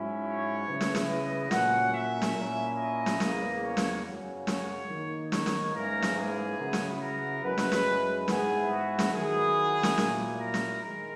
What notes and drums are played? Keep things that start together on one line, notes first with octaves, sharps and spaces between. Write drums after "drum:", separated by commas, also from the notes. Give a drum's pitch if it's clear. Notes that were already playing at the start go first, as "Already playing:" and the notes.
Already playing: G#2 F#3 C#4 E4
C#5
C#3 E3 B3 E4
drum: snare
drum: snare
D#5
A#2 F#3 C#4 F#5, drum: snare
E5
drum: snare
A#2 A#3 C#4 E4
D#5
drum: snare
E2 C#3 E3 A#3, drum: snare
C#5
drum: snare
F#2 C#3 F#3
C#5, drum: snare
D#3 A#3 D#4
C#5, drum: snare
drum: snare
G#2 E3 A#3 C#4 E4 A#4
drum: snare
G#4
C#3 F#3 B3 E4
drum: snare
A#4
F#2 E3 G#3 B4
drum: snare
drum: snare
G#2 E3 B3 E4 G#4, drum: snare
F#4
drum: snare
D#3 F#3 B3 E4 G#4
drum: snare
A#2 F#3 A#3 E4, drum: snare
A#4
drum: snare
D#3 G#3 A#4